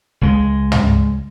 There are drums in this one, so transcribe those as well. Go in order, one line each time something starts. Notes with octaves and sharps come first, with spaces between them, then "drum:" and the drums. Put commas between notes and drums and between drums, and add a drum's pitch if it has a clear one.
C#2 G#3
drum: tom